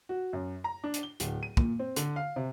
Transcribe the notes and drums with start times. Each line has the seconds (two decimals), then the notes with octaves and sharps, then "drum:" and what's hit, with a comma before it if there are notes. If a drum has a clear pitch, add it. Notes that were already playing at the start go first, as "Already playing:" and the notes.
0.09 F#4
0.33 F#2
0.64 A#5
0.84 D4
0.94 drum: hi-hat
1.03 G7
1.20 D1, drum: hi-hat
1.43 D#7
1.57 A#2, drum: kick
1.79 C4
1.96 D3, drum: hi-hat
2.16 F5
2.36 C3